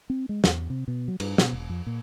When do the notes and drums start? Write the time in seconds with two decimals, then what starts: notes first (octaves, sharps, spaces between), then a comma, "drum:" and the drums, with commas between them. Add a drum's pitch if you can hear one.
0.10 C4
0.29 G#3
0.44 E2, drum: snare
0.70 C3
0.88 B2
1.08 F#3
1.20 G2, drum: cymbal
1.38 B2, drum: snare
1.53 E1
1.70 F2
1.86 A#2